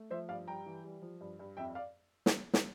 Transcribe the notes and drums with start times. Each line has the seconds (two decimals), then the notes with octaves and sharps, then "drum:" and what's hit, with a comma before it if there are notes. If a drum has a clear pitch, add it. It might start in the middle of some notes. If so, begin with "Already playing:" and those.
Already playing: A3
0.11 F3 C5 E5
0.28 G2 D5 F5
0.47 G3 G5 A#5
0.66 E3
0.84 G3
1.02 F3
1.21 G2
1.39 G2
1.57 F2 E5 G5
1.75 D5 F5
2.26 drum: snare
2.54 drum: snare